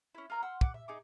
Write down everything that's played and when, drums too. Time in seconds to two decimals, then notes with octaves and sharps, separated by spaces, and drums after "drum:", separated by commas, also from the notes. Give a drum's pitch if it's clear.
0.15 C#4 E4
0.30 F4 A#4 A#5 F6
0.42 F#5 C6 E6 F6
0.61 F#5 D6, drum: kick
0.74 E5
0.88 D#4 G#4 D6